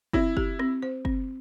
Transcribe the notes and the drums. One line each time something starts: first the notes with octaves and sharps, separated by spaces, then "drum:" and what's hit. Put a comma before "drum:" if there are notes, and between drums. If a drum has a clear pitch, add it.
C4 E4, drum: kick F#1
G4, drum: kick F#1
C4, drum: rim click
C5
C4, drum: kick F#1